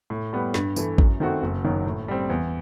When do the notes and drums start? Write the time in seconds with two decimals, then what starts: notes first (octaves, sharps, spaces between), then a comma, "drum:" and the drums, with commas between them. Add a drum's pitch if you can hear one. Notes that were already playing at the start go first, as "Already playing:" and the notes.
0.10 A2
0.33 G3 B3
0.54 G2, drum: snare
0.76 E3 A3 E4, drum: tambourine
0.98 F#2, drum: kick A1
1.20 D#3 A3 C4 F#4
1.43 F#1
1.64 F#2 D#3 F#3
1.86 A2
2.08 G3 C4
2.30 E2